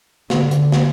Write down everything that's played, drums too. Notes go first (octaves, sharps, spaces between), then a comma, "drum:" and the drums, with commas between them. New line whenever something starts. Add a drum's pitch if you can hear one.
D3, drum: snare
drum: hi-hat
drum: snare